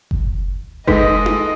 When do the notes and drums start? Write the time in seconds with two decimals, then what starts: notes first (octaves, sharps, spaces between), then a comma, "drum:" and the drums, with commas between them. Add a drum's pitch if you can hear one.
0.11 drum: kick F#1
0.87 G#3 D#4 A4 B4 D#5, drum: kick F#1
1.26 drum: tom D#4